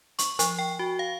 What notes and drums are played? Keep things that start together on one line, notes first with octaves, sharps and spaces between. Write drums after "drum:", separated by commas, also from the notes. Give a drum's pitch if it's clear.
C#6, drum: hi-hat
F3, drum: hi-hat
G5
F#4
F5